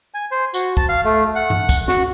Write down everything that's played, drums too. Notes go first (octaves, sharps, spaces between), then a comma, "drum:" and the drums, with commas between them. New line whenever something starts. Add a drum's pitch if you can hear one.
G#5
C5
F#4, drum: tambourine
A5, drum: kick
F5
A3
F#5
drum: tom G2
drum: kick, tambourine
F#4, drum: snare